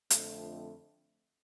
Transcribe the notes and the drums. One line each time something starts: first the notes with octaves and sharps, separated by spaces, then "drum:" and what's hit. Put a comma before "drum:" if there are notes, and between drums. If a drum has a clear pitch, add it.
F2 D3 A3, drum: hi-hat